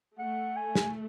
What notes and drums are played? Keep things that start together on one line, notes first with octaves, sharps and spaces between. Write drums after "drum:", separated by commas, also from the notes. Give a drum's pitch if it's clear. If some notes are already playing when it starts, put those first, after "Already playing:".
A3 F#5
G#5
drum: snare